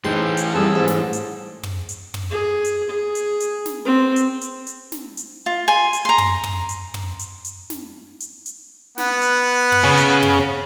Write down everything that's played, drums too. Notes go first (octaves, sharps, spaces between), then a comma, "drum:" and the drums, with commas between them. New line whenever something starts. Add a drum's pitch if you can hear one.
A2 E3 D#4 G#4 C5 G5 C6
drum: hi-hat
G3 A3 C4 G#4 A5 E6
G#2
drum: snare
drum: hi-hat
drum: tom
drum: hi-hat
drum: tom
G#4
drum: hi-hat
G#4
drum: hi-hat
drum: hi-hat
drum: snare
C4
drum: hi-hat
drum: hi-hat
drum: hi-hat
drum: snare
drum: hi-hat
F4
G#5 C6
drum: hi-hat
A#5 C6
drum: tom
drum: tom
drum: hi-hat
drum: tom
drum: hi-hat
drum: hi-hat
drum: snare
drum: hi-hat
drum: hi-hat
B3 F#5, drum: snare
drum: hi-hat
drum: tom
C#3
drum: hi-hat
drum: tom